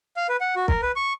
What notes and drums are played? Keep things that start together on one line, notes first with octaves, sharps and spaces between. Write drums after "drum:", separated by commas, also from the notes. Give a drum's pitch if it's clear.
F5
B4
F#5
F#4
A#4, drum: kick
B4
C#6